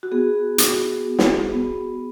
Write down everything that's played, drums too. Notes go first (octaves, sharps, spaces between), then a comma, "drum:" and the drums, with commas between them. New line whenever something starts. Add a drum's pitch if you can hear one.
F#4
B3 G#4
F#4, drum: hi-hat
F#4
drum: snare
B3